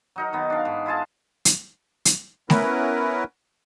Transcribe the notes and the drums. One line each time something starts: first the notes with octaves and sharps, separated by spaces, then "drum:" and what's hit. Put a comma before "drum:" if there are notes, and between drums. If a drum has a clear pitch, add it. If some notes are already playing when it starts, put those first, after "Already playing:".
F#3 D#4 A#4
D#3 B3
D4 F5
G#2
E4 F4 G#4 A5
drum: hi-hat
drum: hi-hat
B3 C#4 E4 A#4 B4, drum: snare A3